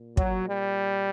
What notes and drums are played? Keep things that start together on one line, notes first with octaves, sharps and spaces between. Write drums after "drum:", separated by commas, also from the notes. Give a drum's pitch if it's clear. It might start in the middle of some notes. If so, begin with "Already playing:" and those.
Already playing: A#2
F#3, drum: kick
G3